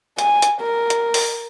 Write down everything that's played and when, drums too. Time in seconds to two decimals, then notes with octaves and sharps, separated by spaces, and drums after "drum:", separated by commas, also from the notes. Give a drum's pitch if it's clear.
0.18 G#5, drum: hi-hat
0.42 drum: hi-hat
0.62 A#4
0.90 drum: hi-hat
1.14 drum: open hi-hat